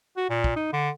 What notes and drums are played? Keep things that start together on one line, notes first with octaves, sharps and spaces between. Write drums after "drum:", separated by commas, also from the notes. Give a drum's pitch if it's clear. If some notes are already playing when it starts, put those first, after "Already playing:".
F#4
A#2
drum: kick
D#4
D3